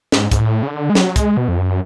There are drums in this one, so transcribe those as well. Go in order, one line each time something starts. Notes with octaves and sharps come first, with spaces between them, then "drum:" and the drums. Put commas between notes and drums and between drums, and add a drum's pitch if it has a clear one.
G#2, drum: snare
G#2, drum: kick, hi-hat
A2
C#3
D3
G#3
F#3, drum: snare
G#3, drum: kick, hi-hat
B2
F2
F#2